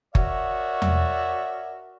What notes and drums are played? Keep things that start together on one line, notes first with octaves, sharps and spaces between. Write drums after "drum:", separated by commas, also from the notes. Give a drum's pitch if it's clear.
F#4 A#4 C#5 D5 E5, drum: kick F#1
drum: tom E2